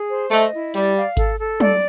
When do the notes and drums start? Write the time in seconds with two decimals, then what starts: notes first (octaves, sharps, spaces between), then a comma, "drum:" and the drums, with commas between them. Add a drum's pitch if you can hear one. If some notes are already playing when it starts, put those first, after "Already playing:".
Already playing: G#4
0.10 C5
0.31 A3 D#5, drum: hi-hat
0.53 E4
0.74 G3 D5, drum: hi-hat
0.96 F5
1.17 A4, drum: kick G#1, hi-hat
1.39 A4
1.60 D5, drum: tom F#3